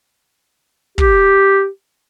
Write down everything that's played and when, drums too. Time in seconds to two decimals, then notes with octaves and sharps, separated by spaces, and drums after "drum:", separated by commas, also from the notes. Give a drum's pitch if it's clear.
0.98 G4, drum: kick